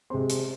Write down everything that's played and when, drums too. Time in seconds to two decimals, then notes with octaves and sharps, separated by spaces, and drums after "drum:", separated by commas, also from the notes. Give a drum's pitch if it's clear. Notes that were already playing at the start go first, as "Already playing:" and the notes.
0.10 C3 G#3 C4 C5 C6
0.30 drum: hi-hat